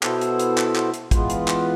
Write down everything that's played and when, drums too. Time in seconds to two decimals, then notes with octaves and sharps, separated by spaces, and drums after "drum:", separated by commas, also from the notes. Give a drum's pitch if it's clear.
0.03 B2 B3 E4 A4 C5, drum: clap
0.21 drum: hi-hat
0.39 drum: hi-hat
0.58 drum: clap
0.76 drum: clap
0.94 drum: hi-hat
1.11 E3 G#3 B3 F4 B4, drum: kick, hi-hat
1.30 drum: hi-hat
1.48 drum: clap